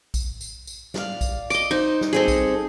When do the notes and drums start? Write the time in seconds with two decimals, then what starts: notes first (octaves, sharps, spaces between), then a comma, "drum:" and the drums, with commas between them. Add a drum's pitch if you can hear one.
0.14 drum: kick A#1, tambourine
0.41 drum: tambourine
0.67 drum: tambourine
0.94 D5 F5, drum: snare
1.21 drum: kick A#1, tambourine
1.50 D#5 D6, drum: tambourine
1.71 D#4 C5
2.01 drum: snare
2.13 G3 C4 G#4 A4 D#5
2.28 drum: kick A#1, tambourine